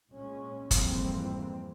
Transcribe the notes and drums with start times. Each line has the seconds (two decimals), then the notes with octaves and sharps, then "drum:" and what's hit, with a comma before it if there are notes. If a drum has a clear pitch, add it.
0.13 A#2 G#3 C#4
0.71 F2 G#2 E3 G3 A#3 C4, drum: kick, hi-hat